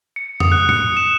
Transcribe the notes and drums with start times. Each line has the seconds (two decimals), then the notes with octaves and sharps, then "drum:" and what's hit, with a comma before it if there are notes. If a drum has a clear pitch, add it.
0.16 C#7
0.40 D#6, drum: tom F2
0.52 F#6
0.69 C#7, drum: tom
0.97 E7